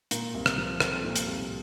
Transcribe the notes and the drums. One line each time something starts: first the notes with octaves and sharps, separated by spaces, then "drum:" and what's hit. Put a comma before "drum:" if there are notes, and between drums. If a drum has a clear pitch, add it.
A#2 A#4, drum: hi-hat
C2
drum: rim click
F3
C4 A4, drum: rim click
A#2
drum: hi-hat
C2